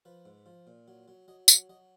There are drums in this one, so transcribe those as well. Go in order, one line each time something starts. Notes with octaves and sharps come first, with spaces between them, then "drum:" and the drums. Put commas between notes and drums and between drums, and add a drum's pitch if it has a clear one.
F3 B4
G#2
F3
A#2
F#3
F#3
F#3 D#5
F#3 F5, drum: tambourine
F#3 D#5